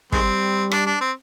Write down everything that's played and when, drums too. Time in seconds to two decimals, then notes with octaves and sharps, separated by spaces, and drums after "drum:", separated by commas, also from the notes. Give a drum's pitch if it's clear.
0.12 D#3 G3 G#3 C4, drum: kick
0.71 D4, drum: rim click
0.86 D4
1.01 C4